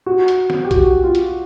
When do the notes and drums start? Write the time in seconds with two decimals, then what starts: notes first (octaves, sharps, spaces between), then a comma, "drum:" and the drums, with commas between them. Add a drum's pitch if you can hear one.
0.06 F#4
0.28 drum: hi-hat
0.50 drum: snare
0.65 G4
0.71 F#4, drum: kick B1, hi-hat
1.04 F4
1.15 drum: hi-hat